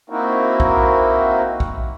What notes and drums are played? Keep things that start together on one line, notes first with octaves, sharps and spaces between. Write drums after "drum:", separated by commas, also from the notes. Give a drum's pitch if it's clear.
A#3 C4 D#4 E4 F#4 A#4
drum: kick
drum: kick